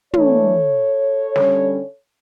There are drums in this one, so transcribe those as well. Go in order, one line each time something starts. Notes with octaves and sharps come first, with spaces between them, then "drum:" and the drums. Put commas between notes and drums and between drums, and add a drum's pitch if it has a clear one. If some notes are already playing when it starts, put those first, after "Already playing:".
E3 A3 D4 A4 C#5, drum: tom
D3 G3 C#4, drum: snare